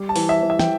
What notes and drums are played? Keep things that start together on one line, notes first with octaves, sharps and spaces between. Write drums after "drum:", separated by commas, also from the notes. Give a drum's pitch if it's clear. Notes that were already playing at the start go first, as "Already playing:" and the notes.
Already playing: G3
A5
E3, drum: open hi-hat
E5
E3
E5
G5, drum: snare